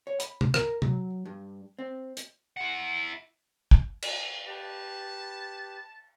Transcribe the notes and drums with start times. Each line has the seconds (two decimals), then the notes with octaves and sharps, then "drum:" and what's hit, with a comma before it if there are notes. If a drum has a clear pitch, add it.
0.07 C#5
0.20 B5, drum: hi-hat
0.41 drum: tom
0.54 A#4, drum: rim click
0.82 F#3, drum: tom
1.25 G2
1.79 C4
2.17 drum: hi-hat
2.57 E4 F#5
3.71 drum: kick
4.02 drum: cymbal
4.46 G4 B4 A5